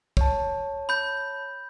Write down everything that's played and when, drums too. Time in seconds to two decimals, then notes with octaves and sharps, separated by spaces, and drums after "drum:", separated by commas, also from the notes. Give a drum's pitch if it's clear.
0.17 C#5 A5, drum: kick
0.89 B5 G6